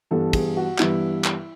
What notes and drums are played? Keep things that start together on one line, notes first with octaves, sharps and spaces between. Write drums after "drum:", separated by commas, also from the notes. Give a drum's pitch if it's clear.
G2 E3 G3 B3 A4
G#4, drum: kick, cymbal
F#4
G2 E3 G3 B3 E4, drum: clap
drum: clap